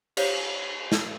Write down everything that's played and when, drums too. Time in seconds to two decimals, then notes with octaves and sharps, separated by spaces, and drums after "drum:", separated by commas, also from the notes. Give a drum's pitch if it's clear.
0.17 G4 C5 C#5 F5, drum: cymbal
0.92 drum: snare